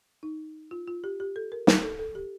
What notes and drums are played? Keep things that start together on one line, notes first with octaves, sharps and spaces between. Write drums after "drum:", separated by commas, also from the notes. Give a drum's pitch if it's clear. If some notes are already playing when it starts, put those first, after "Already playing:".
D#4
F4
F4
G4
G4
A4
A#4
drum: snare
A4
A4
G4